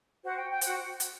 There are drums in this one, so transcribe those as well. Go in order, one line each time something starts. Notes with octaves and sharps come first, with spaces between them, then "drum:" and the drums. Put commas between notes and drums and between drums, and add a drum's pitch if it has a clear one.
F#4 C5 F#5
G5
G5
F#4 C5 F#5, drum: hi-hat
drum: hi-hat